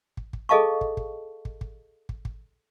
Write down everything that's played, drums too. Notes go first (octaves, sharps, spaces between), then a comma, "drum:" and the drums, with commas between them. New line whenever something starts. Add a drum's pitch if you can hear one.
drum: kick
drum: kick
G#4 A4 D#5 F5 A5 C#6
drum: kick
drum: kick
drum: kick
drum: kick
drum: kick
drum: kick